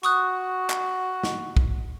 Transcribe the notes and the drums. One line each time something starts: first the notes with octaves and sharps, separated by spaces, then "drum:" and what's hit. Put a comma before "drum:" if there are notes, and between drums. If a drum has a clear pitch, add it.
F#4 C#6 D#6 F#6, drum: tambourine
drum: clap
drum: snare
drum: kick